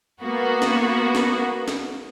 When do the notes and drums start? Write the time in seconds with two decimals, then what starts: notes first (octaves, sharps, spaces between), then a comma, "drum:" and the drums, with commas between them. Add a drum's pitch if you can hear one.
0.22 A#3 B3 F#4
0.62 drum: snare
1.15 drum: snare
1.68 drum: snare